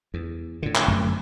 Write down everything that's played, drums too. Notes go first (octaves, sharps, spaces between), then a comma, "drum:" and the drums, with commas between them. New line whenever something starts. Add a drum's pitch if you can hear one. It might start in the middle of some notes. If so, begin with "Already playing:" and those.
E2
A2 D3
drum: clap
G1 F#2 D3 A3